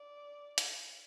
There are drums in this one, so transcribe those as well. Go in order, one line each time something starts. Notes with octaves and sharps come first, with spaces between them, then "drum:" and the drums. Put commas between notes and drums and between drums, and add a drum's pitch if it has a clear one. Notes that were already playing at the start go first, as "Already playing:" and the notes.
Already playing: D5
drum: hi-hat